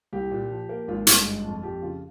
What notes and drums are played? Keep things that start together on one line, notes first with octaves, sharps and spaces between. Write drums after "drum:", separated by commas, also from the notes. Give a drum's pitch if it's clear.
C2 G4
A#2
F3
A#3
G#1 F4
G2, drum: hi-hat
G#3
F2
F2 G4
C#3 F4